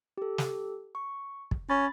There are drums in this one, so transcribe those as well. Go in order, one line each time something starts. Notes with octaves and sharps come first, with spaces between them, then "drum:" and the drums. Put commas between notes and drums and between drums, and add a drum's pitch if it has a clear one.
G4 A4
drum: snare
C#6
drum: kick
C#4 B5 A6